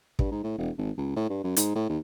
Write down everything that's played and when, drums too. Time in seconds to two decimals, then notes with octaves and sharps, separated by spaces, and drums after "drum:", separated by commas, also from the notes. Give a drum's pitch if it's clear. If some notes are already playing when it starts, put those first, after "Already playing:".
0.19 G2, drum: kick
0.31 G#2
0.43 A2
0.58 E1
0.78 G#1
0.98 C#2
1.16 A2
1.29 G2
1.44 F#2
1.56 G#2, drum: hi-hat
1.75 A2
1.89 D#2